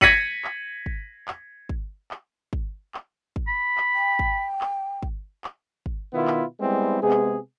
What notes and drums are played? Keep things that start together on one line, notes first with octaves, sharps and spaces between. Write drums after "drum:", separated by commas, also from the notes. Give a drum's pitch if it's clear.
G#6 A#6 B6 C#7 D#7 F#7, drum: kick
drum: clap
drum: kick
drum: clap
drum: kick
drum: clap
drum: kick
drum: clap
drum: kick
B5
drum: clap
G5
drum: kick
drum: clap
drum: kick
drum: clap
drum: kick
B2 D#3 B3 E4 F4
drum: clap
G3 G#3 B3 C4 E4
C3 G#3 B3 G#4
drum: clap